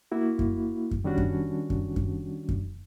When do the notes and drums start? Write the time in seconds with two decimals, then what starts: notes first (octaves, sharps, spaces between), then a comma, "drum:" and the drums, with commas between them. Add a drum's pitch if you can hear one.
0.12 A#3 E4 F#4
0.39 drum: kick F#2
0.91 drum: kick F#2
1.04 D#3 G3 C#4 D4 F#4
1.18 drum: kick F#2
1.70 drum: kick F#2
1.96 drum: kick F#2
2.49 drum: kick F#2